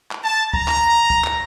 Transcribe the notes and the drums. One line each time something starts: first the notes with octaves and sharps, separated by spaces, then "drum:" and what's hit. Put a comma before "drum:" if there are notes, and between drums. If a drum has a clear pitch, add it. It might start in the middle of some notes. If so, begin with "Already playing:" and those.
drum: clap
A5
A#5, drum: kick C#2
drum: clap
drum: kick C#2
drum: clap